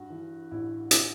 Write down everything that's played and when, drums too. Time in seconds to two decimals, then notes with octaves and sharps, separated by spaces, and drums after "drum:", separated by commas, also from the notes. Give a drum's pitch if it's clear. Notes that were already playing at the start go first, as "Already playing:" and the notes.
Already playing: G2 F#4
0.10 E3
0.51 A1 E4
0.91 drum: hi-hat